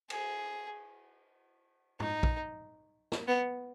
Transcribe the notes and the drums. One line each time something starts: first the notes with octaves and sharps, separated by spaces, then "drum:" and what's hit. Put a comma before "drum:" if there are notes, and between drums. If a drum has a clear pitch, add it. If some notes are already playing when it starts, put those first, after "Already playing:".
G#4, drum: cymbal
D#4, drum: tom
drum: kick
drum: snare
B3